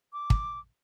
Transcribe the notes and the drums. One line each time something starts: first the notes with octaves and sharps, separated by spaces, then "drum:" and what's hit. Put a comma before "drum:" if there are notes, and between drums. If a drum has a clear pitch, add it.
D6
drum: kick